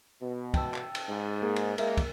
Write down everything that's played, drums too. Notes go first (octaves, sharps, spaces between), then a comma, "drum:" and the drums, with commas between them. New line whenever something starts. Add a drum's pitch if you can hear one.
B2
G5 A5 E6, drum: kick, cymbal
drum: clap
drum: cymbal
G#2
A#3 G#4 A#4
drum: cymbal
G#3 A#3 A#4 E5, drum: cymbal
drum: kick, cymbal